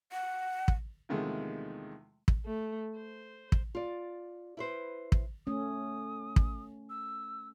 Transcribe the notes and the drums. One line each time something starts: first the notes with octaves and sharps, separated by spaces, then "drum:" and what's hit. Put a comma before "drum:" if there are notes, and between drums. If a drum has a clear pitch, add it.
F#5
drum: kick
E2 C3 D#3 F3 G#3 A3
drum: kick
A3
C5
drum: kick
F4 D5
E4 B4 C5
drum: kick
A3 C#4 D#6
drum: kick
E6